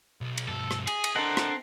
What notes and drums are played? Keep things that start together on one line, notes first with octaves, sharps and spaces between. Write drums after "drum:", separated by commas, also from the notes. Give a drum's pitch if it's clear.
B1
drum: cymbal
G2 B2 A4
drum: rim click
G#4 G#5, drum: cymbal
drum: cymbal
C4 D4 A4 A#4 D#5 F#5
drum: rim click